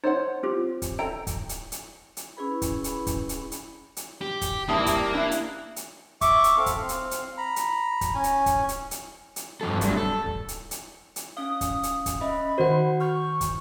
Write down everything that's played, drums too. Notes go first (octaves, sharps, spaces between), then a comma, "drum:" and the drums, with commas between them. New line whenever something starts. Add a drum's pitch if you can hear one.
D#4 C5 C#5 F#5
C4 F4 G4
drum: kick, hi-hat
A4 G5 A#5 D7
drum: kick, hi-hat
drum: hi-hat
drum: hi-hat
drum: hi-hat
C#4 E4 G#4 B4 B5
drum: kick, hi-hat
drum: hi-hat
drum: kick, hi-hat
drum: hi-hat
drum: hi-hat
drum: hi-hat
G4
drum: kick, hi-hat
C3 G3 A#3 E4 A5 D#6
drum: kick, hi-hat
D4 E4
drum: hi-hat
drum: hi-hat
E5 C#6 D6, drum: kick, hi-hat
drum: hi-hat
C4 A4 F5
drum: kick, hi-hat
C4 F5
drum: hi-hat
drum: hi-hat
A#5 B5
drum: hi-hat
drum: kick, hi-hat
C#4 G#5
drum: hi-hat
drum: kick, hi-hat
drum: hi-hat
drum: hi-hat
drum: hi-hat
G2 F3 A4
F#2 G3 A3 D4, drum: kick, hi-hat
A4
drum: kick
drum: hi-hat
drum: hi-hat
drum: hi-hat
C#4 F5 D#6
drum: kick, hi-hat
drum: hi-hat
drum: kick, hi-hat
C#4 D#5 E5 B5
D#3 F#4 C5 F#5
C#6 F6 G6
drum: kick, hi-hat